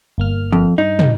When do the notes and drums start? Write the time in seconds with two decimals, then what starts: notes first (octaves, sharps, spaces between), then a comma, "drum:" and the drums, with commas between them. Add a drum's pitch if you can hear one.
0.18 G1 A#3 F6
0.52 F2
0.78 G2 D#4
0.99 drum: tom